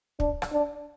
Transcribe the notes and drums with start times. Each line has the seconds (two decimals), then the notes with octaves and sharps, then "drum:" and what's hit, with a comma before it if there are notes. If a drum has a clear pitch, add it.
0.20 D4, drum: kick
0.42 drum: rim click
0.52 D4